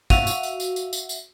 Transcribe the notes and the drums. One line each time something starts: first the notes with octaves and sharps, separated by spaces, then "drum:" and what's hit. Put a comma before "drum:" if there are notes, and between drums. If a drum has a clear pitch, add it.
F#4 E5 F5 D#7 F7, drum: kick, tambourine
drum: tambourine
drum: tambourine
drum: tambourine
drum: tambourine
drum: tambourine
drum: tambourine